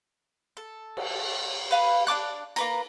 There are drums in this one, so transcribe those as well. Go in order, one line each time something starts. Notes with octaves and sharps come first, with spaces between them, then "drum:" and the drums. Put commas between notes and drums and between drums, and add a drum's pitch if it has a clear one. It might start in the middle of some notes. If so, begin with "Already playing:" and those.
A4
drum: cymbal
B4 F5 B5
D4 A5 D6 F#6
A#3 B4 A#5, drum: cymbal